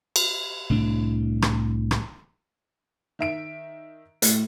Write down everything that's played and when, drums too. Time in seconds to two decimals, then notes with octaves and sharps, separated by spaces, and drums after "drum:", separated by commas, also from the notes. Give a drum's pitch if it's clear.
0.16 drum: cymbal
0.70 C2 A2 D4
1.42 drum: rim click
1.91 drum: rim click
3.19 D#3 E5 D7
4.22 A2, drum: hi-hat